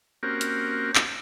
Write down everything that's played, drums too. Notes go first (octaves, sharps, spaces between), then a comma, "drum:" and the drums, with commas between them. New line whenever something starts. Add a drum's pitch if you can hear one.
A#3 C4 C#4 F#4 G4 A#4
drum: hi-hat
drum: clap